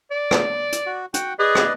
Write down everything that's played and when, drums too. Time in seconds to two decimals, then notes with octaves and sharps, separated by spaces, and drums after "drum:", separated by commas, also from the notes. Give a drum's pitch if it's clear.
0.11 D5
0.31 drum: rim click
0.72 drum: hi-hat
0.86 F#4
1.14 F#4 F#5 G5, drum: hi-hat
1.39 G#4 B4 D5 D#5
1.55 drum: rim click